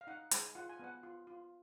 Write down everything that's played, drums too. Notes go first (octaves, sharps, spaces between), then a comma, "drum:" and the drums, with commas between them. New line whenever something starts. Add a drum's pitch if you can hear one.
F5
D#4 F#5
G#3 G#5, drum: hi-hat
F4 F#5
G#5
B3 F#5
F4
F4